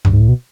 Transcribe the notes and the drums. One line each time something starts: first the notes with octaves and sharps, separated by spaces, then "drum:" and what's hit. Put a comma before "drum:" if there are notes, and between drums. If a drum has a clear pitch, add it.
G2, drum: tom C#2
G#2
A2
B2